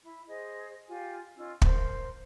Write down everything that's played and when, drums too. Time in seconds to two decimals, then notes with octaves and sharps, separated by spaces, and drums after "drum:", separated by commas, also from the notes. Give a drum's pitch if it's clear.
0.02 E4
0.28 G#4 C5 D#5
0.87 F4 G4 G#5
1.36 C#4 D#4 F4 E6
1.62 A#4 C5, drum: kick